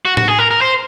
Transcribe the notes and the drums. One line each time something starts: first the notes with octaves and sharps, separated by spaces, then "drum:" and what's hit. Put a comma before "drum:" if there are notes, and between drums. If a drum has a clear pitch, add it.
F#4
F#4, drum: tom A2
G#4
A#4
A#4
C5